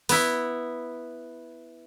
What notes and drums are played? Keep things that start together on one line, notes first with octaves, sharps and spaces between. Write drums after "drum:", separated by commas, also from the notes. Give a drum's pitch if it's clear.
B3 E4, drum: open hi-hat